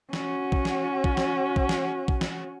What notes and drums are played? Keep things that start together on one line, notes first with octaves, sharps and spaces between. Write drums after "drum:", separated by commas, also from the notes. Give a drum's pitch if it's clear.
C#4 F#4, drum: snare
drum: kick
drum: snare
drum: kick
drum: snare
drum: kick
drum: snare
drum: kick
drum: snare